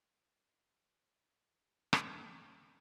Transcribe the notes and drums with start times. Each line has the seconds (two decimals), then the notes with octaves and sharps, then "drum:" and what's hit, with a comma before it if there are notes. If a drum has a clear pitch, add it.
0.08 F3 G#3
1.93 drum: rim click